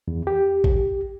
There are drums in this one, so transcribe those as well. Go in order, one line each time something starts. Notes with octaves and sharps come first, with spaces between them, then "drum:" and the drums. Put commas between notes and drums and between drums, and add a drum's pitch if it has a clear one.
E2
G4
drum: kick A1